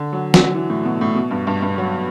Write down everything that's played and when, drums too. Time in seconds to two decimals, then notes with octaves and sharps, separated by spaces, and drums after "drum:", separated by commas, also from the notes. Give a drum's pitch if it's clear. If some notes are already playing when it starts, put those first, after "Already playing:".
Already playing: D3
0.13 F#3
0.34 F#3, drum: snare
0.54 E3
0.70 A2
0.85 B2
1.01 A2
1.15 B2
1.31 G2
1.47 G2
1.62 G2
1.78 F#3